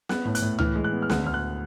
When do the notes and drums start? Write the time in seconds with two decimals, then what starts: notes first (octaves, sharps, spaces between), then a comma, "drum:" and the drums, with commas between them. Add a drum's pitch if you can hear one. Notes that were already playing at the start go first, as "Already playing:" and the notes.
0.09 B3 F#6, drum: snare
0.25 A2
0.35 F#6, drum: hi-hat
0.42 A2
0.59 E3 F6, drum: tom C#2
0.75 G#3
0.84 F#6
0.92 B3
1.02 F6
1.10 D2 F#6, drum: snare
1.26 D2 F6
1.34 F#6